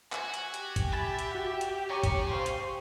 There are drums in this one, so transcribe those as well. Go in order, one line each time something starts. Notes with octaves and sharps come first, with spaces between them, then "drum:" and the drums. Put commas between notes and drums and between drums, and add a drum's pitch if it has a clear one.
F#4 G#5, drum: clap
drum: hi-hat
G4, drum: hi-hat
drum: kick, hi-hat
E5 B5 A6
drum: hi-hat
F#4 F#5
drum: hi-hat
C#3 C#5 G#5 A#5 C#6 D6
drum: kick, hi-hat
C5 F5 C6 C#6
drum: hi-hat